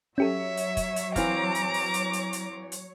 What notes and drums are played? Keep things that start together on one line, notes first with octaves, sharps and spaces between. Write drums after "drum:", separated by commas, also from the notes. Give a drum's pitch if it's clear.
F#3 C#4 G4 A4 C#5 E5
drum: hi-hat
drum: kick, hi-hat
drum: hi-hat
E3 C4 F5 A#5 D6, drum: kick, hi-hat
drum: hi-hat
drum: open hi-hat
drum: hi-hat
drum: hi-hat
drum: hi-hat
drum: hi-hat